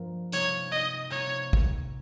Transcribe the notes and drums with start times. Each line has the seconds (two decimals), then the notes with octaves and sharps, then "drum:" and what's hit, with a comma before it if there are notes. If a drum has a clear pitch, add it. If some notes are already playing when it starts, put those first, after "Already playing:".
Already playing: G2 F3 A#3 F4 A#4
0.32 C3 G3 A#3 D#4 C#5, drum: hi-hat
0.71 D#5
1.10 C3 G3 A#3 D#4 C#5
1.53 drum: kick